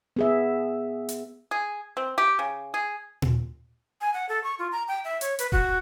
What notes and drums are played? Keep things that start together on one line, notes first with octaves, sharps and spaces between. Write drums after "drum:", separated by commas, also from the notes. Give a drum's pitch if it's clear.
B3 G#4 E5
drum: hi-hat
G#4
C4
G4
C#3
G#4
drum: tom A#2
G#5
F#5
A4
C#6
F4
A#5
G5
E5
C#5, drum: hi-hat
B4, drum: hi-hat
F#4, drum: kick D#1